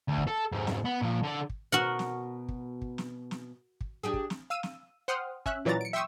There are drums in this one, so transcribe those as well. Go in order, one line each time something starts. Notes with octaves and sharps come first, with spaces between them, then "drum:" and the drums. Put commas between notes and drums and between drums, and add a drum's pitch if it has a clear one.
D2
drum: kick
A4
F2 G#2
drum: snare
B3
A#2 F3
D3 D5
drum: kick
B2 B3 F#4 A#4 F#5
drum: snare
drum: kick
drum: kick
drum: snare
drum: snare
drum: kick
D4 G4 G#4
drum: kick
drum: snare
F5 E6 D#7
drum: snare
C5 F#5 G5 C6 D#6 F6
C#4 E5 F#6, drum: kick
A#2 E3 F#3 D5 A#5 A6
C#7 D7
E5 G5 C6 C#6 D#6 E6